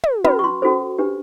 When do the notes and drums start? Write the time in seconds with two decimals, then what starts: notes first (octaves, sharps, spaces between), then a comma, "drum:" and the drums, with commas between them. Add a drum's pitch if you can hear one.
0.04 drum: tom
0.24 C#4 F#4 B4 B5, drum: tom
0.39 C#6
0.44 C6
0.62 C#4 F#4 A4 C5
0.99 D4 G4 B4